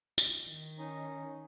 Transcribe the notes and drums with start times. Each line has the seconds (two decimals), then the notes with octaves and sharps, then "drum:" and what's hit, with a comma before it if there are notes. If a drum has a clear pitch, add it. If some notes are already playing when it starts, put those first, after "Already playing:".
0.18 drum: tambourine
0.48 D#3
0.79 C#4 D#4